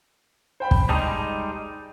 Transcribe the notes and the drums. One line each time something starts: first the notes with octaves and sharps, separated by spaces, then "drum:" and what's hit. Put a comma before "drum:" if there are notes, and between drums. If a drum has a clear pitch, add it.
C5 G5 B5
drum: kick
G3 G#3 D#4 A5